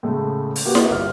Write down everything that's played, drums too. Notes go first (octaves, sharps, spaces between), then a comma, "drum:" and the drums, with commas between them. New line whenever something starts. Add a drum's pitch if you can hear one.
A2 C#3 G#3 A3
drum: open hi-hat
A#3 F#4 G4 B4
drum: snare E4
G1 F6